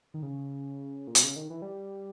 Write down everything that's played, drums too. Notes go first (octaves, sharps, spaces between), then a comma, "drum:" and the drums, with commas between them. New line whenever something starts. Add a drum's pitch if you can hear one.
D#3
C#3
A#2
B2, drum: hi-hat
C#3
D#3
E3
G3